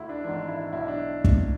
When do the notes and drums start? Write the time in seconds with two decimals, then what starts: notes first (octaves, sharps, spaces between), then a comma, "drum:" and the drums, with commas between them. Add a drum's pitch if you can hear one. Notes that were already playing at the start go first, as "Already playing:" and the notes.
Already playing: D2 D3 E4
0.09 D4
0.24 G#1 G#2 E3 D4
0.48 E4
0.72 B1 B2 E4
0.88 D4
1.24 drum: kick